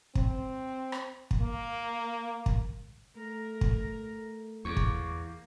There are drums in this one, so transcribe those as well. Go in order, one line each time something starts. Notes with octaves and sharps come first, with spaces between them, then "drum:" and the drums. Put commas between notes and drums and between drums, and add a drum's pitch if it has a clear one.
C4, drum: kick
drum: rim click
drum: kick
A#3
drum: kick
A3 A#4
drum: kick
E2 A#3 C#6 D6
drum: kick